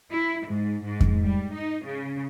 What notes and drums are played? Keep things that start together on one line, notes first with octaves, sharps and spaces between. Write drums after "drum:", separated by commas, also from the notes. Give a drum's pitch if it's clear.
E4
G#2
G#2
drum: kick F2
G3
D#4
C#3